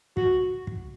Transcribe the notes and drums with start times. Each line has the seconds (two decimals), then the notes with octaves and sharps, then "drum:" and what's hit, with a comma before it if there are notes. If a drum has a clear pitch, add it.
0.17 F#4, drum: kick
0.67 drum: kick